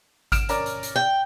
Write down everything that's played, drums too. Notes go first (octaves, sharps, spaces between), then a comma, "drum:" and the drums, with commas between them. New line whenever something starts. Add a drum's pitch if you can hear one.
F6 D7 E7, drum: kick G#1, hi-hat
C#4 A#4 D5, drum: hi-hat
drum: hi-hat
drum: hi-hat
G5